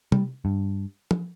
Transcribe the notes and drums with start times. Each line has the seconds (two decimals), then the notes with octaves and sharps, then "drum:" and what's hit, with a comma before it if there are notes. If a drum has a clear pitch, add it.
0.12 G3, drum: tom C3
0.45 G2
1.11 drum: tom